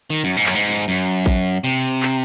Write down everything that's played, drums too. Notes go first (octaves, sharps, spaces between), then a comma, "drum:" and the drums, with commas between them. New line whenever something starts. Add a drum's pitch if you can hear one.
D#3
F#2
G#2
F#2, drum: clap
G#2
F#2
drum: kick A1, hi-hat
C3
drum: clap